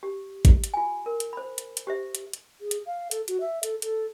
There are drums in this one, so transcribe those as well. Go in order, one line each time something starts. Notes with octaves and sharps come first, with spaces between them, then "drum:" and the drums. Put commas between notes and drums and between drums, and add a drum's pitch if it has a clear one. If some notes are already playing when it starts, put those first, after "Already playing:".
G4
drum: kick G#1, hi-hat
drum: hi-hat
F4 G#5
A#4
drum: hi-hat
C5 B5
drum: hi-hat
drum: hi-hat
G4 C5 E5
drum: hi-hat
drum: hi-hat
G#4
drum: hi-hat
F5
A4, drum: hi-hat
F#4, drum: hi-hat
E5
A4, drum: hi-hat
A4, drum: hi-hat